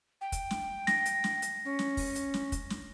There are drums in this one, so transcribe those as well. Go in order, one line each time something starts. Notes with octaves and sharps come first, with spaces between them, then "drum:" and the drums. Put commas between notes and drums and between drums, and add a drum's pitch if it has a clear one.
G5
drum: kick, hi-hat
drum: snare
A#6, drum: snare
drum: hi-hat
drum: snare
drum: hi-hat
C#4
drum: snare
drum: kick, open hi-hat
drum: hi-hat
drum: snare
drum: kick, hi-hat
drum: snare